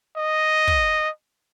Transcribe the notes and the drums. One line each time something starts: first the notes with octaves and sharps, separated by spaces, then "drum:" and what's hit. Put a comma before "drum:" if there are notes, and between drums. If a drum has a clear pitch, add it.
D#5
drum: kick